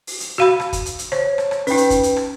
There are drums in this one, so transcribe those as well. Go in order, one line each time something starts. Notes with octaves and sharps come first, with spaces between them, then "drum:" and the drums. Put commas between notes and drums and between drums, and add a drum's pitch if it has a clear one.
drum: open hi-hat
drum: hi-hat
F#4 F5 B5
drum: rim click
drum: kick, hi-hat
drum: hi-hat
drum: hi-hat
C5 C#5, drum: rim click
drum: rim click
drum: rim click
C#4 D#4 B4 G5, drum: open hi-hat
drum: hi-hat
drum: kick, hi-hat
drum: hi-hat
drum: rim click